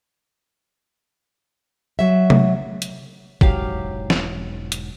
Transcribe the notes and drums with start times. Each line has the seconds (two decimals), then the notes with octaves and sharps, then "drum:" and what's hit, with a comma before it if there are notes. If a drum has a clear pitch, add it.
1.99 F#3 E5
2.30 drum: tom
2.82 drum: hi-hat
3.41 E1 G#2 F#3 G4 F5, drum: kick
4.10 drum: snare
4.72 drum: hi-hat